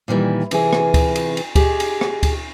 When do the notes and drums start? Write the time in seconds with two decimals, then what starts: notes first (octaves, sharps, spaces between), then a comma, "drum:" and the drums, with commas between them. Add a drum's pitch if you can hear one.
0.08 A#2 D#3 E3 G3
0.51 C3 E3 G#4, drum: cymbal
0.73 drum: rim click
0.94 drum: kick D2, cymbal
1.15 drum: cymbal
1.37 drum: cymbal
1.55 G4 G#4 D#5, drum: kick D2, cymbal
1.80 drum: cymbal
2.01 drum: rim click
2.23 drum: kick D2, cymbal